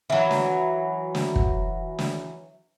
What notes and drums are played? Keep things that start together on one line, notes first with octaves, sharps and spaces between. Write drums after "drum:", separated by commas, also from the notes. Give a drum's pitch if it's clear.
E3 F#3
drum: snare
drum: snare
drum: kick
drum: snare